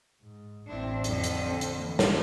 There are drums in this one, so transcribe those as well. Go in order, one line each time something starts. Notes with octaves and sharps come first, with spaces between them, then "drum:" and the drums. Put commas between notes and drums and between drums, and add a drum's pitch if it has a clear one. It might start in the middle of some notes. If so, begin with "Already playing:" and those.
G#2
A1 C4 D4 E4
F2 D3, drum: hi-hat
drum: hi-hat
C4
drum: hi-hat
E3 A#3
drum: snare